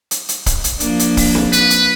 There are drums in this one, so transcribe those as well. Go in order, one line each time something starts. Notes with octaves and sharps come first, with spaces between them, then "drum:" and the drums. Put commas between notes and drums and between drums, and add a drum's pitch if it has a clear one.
drum: hi-hat
drum: hi-hat
drum: kick, hi-hat
drum: hi-hat
F3 A#3 D4, drum: hi-hat
drum: hi-hat
drum: kick, open hi-hat
drum: snare C4
B4, drum: hi-hat
drum: hi-hat